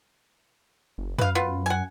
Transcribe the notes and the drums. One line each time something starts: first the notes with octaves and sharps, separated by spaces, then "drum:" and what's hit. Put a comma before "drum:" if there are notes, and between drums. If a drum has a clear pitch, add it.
F#1
F#2 B4 F5, drum: tom
B3 F4
F#5 G#5